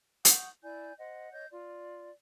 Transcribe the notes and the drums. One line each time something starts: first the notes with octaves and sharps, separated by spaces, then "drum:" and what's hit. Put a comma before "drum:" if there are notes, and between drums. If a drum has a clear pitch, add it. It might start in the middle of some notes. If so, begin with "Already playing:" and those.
F#5 C#6 D#6 G6, drum: hi-hat
E4 D5 G#5 G6
C5 D#5 F#5
C#5 D#5 G6
F4 D5